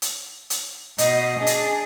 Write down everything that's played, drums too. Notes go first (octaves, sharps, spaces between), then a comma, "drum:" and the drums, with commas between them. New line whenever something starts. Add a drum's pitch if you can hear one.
drum: hi-hat
drum: hi-hat
B2 D#5, drum: hi-hat
D4 G#4
drum: hi-hat